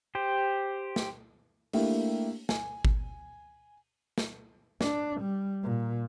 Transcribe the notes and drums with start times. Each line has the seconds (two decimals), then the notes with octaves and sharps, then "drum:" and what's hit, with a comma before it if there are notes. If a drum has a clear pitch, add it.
0.15 G4 C5
0.96 drum: snare
1.73 A3 A#3 D4 E4 G4, drum: open hi-hat
2.49 G#5, drum: snare
2.85 drum: kick G#1
4.18 drum: snare
4.81 D4, drum: snare
5.21 G3
5.63 A#2